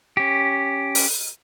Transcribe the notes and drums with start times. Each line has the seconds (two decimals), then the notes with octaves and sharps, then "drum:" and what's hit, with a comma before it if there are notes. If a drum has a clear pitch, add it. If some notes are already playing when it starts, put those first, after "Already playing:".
0.17 C#4 G4
0.95 drum: open hi-hat